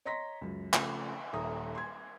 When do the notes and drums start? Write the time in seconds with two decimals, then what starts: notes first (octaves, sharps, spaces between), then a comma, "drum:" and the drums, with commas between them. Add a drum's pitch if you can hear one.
0.05 C#5 D#5 A#5 C6 A#6 B6
0.41 C#2 F#2
0.74 C#3 F3 A3, drum: clap
1.33 D#1 A4 E5 A#5 D#6
1.75 C6 G#6